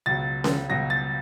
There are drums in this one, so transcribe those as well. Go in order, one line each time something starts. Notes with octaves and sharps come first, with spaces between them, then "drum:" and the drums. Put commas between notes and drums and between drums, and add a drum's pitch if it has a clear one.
C#2 B2 F#3 A6
drum: snare C#4
C#2 B2 F#3 A#6
A6